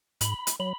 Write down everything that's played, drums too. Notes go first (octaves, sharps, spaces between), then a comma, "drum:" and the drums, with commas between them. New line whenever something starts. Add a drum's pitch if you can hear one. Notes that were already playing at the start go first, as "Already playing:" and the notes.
G#2 B5, drum: hi-hat
drum: hi-hat
F#3 B5